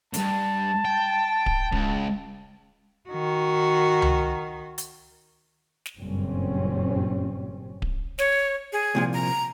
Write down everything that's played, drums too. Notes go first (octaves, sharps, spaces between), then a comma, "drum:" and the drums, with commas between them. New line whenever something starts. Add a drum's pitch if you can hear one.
C#2 G2 A5, drum: hi-hat
G5
drum: kick D1
C#2, drum: kick D1
D#3 F#4
drum: tom C#2
drum: hi-hat
drum: snare
F#1 G2 A#2 G3 C4 C#4
drum: kick D1
C#5, drum: snare
G#4
C2 A#2 F3
A#5